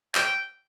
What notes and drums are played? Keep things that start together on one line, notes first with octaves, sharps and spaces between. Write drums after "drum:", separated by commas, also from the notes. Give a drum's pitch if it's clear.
G5, drum: clap